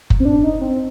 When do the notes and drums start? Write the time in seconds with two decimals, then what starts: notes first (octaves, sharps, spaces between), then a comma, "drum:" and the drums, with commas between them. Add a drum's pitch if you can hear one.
0.10 drum: kick F#1
0.20 C4
0.25 D4
0.44 D#4
0.61 C4